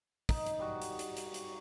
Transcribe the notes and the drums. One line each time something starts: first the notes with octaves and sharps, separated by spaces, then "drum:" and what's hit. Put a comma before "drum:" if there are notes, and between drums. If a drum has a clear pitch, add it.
D#4, drum: kick, open hi-hat
drum: hi-hat
G3 F#4
drum: hi-hat
drum: hi-hat
drum: hi-hat
drum: hi-hat